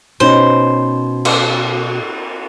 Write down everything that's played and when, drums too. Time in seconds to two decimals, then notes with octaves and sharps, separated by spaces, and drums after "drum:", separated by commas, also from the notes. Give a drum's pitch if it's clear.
0.20 B2 C#4 D#4 C5
1.25 drum: cymbal